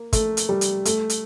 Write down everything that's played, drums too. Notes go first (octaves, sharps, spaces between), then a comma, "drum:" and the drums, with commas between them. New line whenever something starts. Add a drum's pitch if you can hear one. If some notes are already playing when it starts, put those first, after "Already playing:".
Already playing: A#3
A3, drum: kick, hi-hat
drum: hi-hat
G3
drum: hi-hat
A3, drum: hi-hat
drum: hi-hat